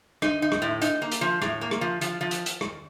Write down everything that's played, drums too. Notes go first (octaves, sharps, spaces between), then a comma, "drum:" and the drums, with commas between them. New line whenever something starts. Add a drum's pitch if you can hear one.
D#4, drum: rim click
D#4
drum: rim click
A2
D#4, drum: hi-hat
A#3
drum: hi-hat
F3
A2, drum: rim click
A#3
drum: rim click
F3
F3, drum: hi-hat
F3
drum: hi-hat
drum: hi-hat
drum: rim click